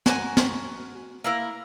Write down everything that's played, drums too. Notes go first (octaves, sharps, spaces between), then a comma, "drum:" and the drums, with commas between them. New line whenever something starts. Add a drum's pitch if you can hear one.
F#4 A#4 C#5 G#5, drum: snare
drum: snare
A#3 E4 A#4